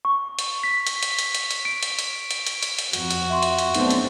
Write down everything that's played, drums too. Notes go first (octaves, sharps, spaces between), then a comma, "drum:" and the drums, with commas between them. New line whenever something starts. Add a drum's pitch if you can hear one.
C#6
drum: hi-hat
B6
drum: hi-hat
drum: hi-hat
drum: hi-hat
drum: hi-hat
drum: hi-hat
D7
drum: hi-hat
drum: hi-hat
drum: hi-hat
drum: hi-hat
drum: hi-hat
drum: hi-hat
F2 F#4, drum: hi-hat
drum: hi-hat
E5 C6 C#6
drum: hi-hat
drum: hi-hat
B1 A2 C4 D4, drum: hi-hat
drum: hi-hat